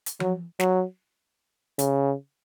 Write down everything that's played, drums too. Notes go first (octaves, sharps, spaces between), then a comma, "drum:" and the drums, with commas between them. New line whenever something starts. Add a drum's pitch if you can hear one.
drum: hi-hat
F#3, drum: tom F3
F#3, drum: snare
C#3, drum: hi-hat